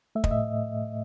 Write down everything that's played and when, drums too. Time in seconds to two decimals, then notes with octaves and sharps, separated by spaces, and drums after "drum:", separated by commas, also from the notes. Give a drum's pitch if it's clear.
0.15 A3 E5
0.24 D#5, drum: kick
0.31 A2 E5